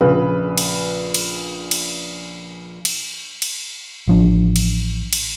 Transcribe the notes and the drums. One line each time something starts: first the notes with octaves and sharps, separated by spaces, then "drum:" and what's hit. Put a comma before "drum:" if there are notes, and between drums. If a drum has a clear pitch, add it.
A#1 C#3 B4
drum: cymbal
drum: cymbal
drum: cymbal
drum: cymbal
drum: cymbal
A1 F3 D4
drum: cymbal
drum: cymbal